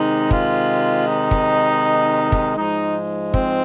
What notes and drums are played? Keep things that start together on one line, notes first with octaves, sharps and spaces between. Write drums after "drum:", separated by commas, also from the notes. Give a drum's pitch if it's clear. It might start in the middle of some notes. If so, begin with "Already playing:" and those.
Already playing: C3 D#3 G#3 D#4
F4, drum: kick
D#4
drum: kick
drum: kick
G#2 F3 G#3 D#4
C4, drum: kick